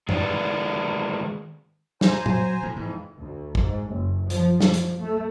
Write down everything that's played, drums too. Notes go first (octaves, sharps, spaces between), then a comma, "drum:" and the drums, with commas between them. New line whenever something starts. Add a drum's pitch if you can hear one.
D3 D#3 G#3 D4 B4 D5, drum: tom G2
C5 G#5 A#5, drum: snare
F#3, drum: tom
A2
F2 G#2 E3
D2
G#2, drum: kick
F#1
F3, drum: hi-hat
F3, drum: snare
drum: hi-hat
A3